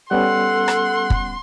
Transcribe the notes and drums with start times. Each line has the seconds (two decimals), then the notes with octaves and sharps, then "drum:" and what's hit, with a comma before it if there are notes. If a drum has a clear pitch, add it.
0.11 G3 B3 C#4 A4 F#5 C6
0.68 drum: rim click
1.10 drum: kick